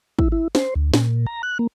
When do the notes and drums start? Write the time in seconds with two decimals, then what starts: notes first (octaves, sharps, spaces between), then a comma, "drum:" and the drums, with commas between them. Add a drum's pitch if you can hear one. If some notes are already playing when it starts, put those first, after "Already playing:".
0.19 E4, drum: kick
0.32 E4
0.55 C5, drum: snare
0.75 D2
0.94 A#2, drum: snare
1.27 A#5
1.43 F#6
1.59 A#3